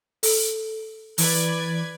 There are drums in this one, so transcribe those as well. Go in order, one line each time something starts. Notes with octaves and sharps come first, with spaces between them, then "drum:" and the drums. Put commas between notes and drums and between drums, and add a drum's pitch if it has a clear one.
A4, drum: open hi-hat
E3 B4 D5 G#6, drum: open hi-hat